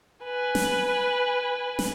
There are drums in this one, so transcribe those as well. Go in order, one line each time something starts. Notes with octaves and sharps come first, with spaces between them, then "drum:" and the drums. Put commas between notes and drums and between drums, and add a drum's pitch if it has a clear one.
B4 G#5
drum: snare
drum: snare